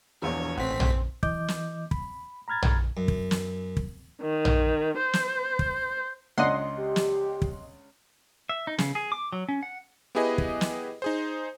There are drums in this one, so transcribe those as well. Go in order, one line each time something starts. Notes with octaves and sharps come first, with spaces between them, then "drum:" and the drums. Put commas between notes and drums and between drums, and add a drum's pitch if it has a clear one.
E1 A#1 E2 C#5
A1 C4 F#5 B6
drum: tom A#1
E3 D#5 D6 G6, drum: kick
drum: snare
B5, drum: kick
A#5 B5 F6 G#6 A6
drum: tom A#1
F#2
drum: kick
drum: snare
drum: kick
D#3
drum: tom A#1
C5
drum: snare
drum: kick
C#2 D4 D#5 F#5 C6
G4
drum: snare
drum: kick
E5
D#4
C#3, drum: snare
G#4
D6
F#3
C#4
F#5
B3 E4 G4 G#4 B4 D#5
drum: kick
drum: snare
D#4 G#4 C5